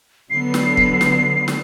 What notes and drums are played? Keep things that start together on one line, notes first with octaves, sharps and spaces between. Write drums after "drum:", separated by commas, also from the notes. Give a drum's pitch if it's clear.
D3 F#3 B3 C7
drum: snare
drum: kick
drum: snare
drum: snare